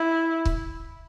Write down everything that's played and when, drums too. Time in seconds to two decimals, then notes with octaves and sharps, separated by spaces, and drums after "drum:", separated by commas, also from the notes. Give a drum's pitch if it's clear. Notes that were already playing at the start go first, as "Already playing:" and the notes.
Already playing: E4
0.45 drum: kick C#1